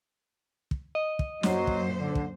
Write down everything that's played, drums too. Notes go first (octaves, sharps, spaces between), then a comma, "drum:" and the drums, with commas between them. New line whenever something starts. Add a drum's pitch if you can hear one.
drum: kick
D#5
drum: kick
F#2 A#2 F#3 C5, drum: snare
drum: kick
D3
drum: kick